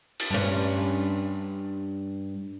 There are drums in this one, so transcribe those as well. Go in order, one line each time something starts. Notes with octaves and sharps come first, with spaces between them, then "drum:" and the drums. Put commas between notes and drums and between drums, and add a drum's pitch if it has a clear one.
drum: cymbal
G2 C#4